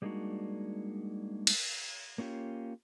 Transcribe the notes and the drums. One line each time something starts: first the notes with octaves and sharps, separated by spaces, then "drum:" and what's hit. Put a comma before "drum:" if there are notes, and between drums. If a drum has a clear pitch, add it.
G3 G#3 A#3 D4 D#4 F#4
drum: cymbal
A#3 C#4 F4 G4